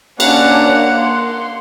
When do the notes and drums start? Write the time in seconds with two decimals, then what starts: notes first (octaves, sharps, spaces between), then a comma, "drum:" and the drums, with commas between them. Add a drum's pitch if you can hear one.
0.20 A#3 C#4 D4 F#5, drum: cymbal
0.99 C6